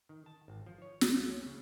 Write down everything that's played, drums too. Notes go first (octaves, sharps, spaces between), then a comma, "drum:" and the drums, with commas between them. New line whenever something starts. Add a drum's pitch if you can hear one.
D#3
A5
G#1
F3
C#5
drum: snare
F3
C#4
C#3